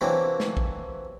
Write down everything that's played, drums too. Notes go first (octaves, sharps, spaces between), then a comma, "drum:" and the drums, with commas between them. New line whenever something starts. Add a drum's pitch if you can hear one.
C3 E3 F#3 A#3 C4 D4
drum: snare
drum: kick